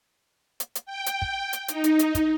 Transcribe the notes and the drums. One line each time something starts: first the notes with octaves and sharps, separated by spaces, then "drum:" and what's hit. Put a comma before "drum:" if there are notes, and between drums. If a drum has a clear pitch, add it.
drum: hi-hat
drum: hi-hat
G5
drum: hi-hat
drum: kick
drum: hi-hat
D#4, drum: hi-hat
drum: hi-hat
drum: hi-hat
drum: kick, hi-hat